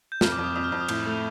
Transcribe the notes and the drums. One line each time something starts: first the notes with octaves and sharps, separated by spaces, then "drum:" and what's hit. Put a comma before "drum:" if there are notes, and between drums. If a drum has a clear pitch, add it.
G6
F2 F6, drum: snare
D6
F2
D#6
F2 D#6
F6
F2
D#6
A2 G6, drum: cymbal
A3 F7